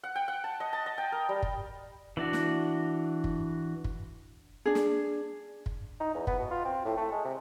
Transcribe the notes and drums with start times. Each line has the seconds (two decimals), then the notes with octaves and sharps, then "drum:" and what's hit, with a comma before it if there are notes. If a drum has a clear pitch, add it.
0.04 F#5
0.15 G5
0.28 F#5
0.44 A5
0.60 D#5
0.73 A5
0.86 D#5
0.98 G5
1.12 A#4
1.29 G3
1.42 drum: kick
2.17 E3 D4 F#4
2.33 drum: snare
3.24 drum: kick
3.84 drum: kick
4.66 D4 G#4
4.75 drum: snare
5.66 drum: kick
6.00 D#4
6.15 E2
6.27 B3, drum: kick
6.39 B2
6.51 F4
6.65 C4
6.85 A2
6.97 A3
7.12 G#3
7.25 C3